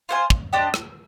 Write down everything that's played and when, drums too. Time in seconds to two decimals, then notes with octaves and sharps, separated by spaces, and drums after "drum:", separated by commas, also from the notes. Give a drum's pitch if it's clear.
0.09 F4 C5 F5 G#5
0.30 drum: kick
0.53 D4 G4 C5 D#5
0.74 drum: rim click